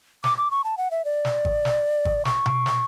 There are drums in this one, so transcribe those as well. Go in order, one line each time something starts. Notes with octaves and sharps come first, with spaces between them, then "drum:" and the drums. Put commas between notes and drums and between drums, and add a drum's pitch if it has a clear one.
D6, drum: snare
D6
C#6
A5
F#5
E5
D5
drum: snare
drum: kick G#1
drum: snare
drum: kick G#1
C#6, drum: snare
drum: tom B2
drum: snare